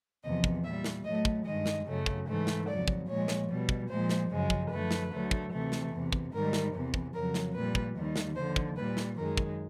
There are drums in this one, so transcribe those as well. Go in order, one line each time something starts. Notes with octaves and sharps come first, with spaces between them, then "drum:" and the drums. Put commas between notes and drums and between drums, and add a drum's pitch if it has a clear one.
E2 C3 F3 D#5
drum: kick
A#2 G3 E5
drum: snare
A2 F#3 A3 D#5
drum: kick
G2 D#3 G#3 D#5
drum: snare
F#2 C#3 F#3 A3
drum: kick
G#2 E3 A3
drum: snare
F2 C#3 F#3 D5
drum: kick
A#2 F3 G#3 C#5
drum: snare
B2 G3
drum: kick
A#2 F3 G#3 C5
drum: snare
F#2 C#3 F3 G#3
drum: kick
F#2 D3 F3 A3 B4
drum: snare
D2 D3 F#3 A3
drum: kick
D2 C3 E3 A3
drum: snare
E2 C3 E3
drum: kick
G#2 D#3 G3 A#4
drum: snare
E2 C3 E3
drum: kick
F2 C#3 F#3 A#4
drum: snare
A#2 G3 B4
drum: kick
D#2 D#3 G3
drum: snare
D#2 D3 F3 C5
drum: kick
A#2 G3 B4
drum: snare
F#2 D#3 G#3 A#4
drum: kick